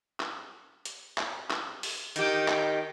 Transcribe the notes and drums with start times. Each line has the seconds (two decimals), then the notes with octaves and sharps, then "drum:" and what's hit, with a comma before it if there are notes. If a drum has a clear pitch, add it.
0.20 drum: clap
0.85 drum: hi-hat
1.18 drum: clap
1.51 drum: clap
1.83 drum: open hi-hat
2.16 D#3 G4, drum: hi-hat
2.48 drum: clap